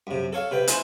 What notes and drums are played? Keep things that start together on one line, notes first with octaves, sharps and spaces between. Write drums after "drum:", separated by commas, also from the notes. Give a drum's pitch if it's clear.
F#2 C3
A4 C#5 F5
C3 B4 G5
E4 C5 G#5, drum: hi-hat